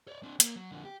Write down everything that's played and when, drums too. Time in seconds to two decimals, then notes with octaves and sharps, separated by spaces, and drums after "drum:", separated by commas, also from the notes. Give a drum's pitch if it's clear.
0.08 C#5 D5
0.23 C4 D4
0.40 A#3, drum: hi-hat
0.56 F#3
0.72 F2 D3
0.85 G4